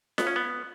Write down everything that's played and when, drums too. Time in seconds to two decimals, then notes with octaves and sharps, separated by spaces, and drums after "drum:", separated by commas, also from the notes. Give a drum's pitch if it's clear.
0.18 B3, drum: snare F4
0.27 C#4
0.36 B3